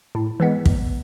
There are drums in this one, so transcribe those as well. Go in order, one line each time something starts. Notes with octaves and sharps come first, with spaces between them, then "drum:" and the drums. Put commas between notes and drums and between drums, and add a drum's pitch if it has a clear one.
A2
E3 G#3 B3
E2, drum: kick